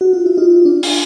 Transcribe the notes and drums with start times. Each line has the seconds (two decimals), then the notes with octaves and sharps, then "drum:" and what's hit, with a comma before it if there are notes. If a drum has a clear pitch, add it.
0.01 F#4
0.13 F4
0.26 E4
0.37 D#4 F4
0.65 D4
0.83 drum: open hi-hat